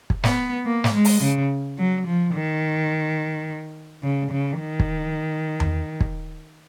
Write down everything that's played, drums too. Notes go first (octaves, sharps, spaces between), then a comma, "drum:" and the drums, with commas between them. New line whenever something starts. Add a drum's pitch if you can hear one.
drum: kick
B3, drum: snare
A#3
drum: snare
G#3
drum: open hi-hat
C#3
F#3
F3
D#3
C#3
C#3
D#3
drum: kick
drum: tom E2
drum: kick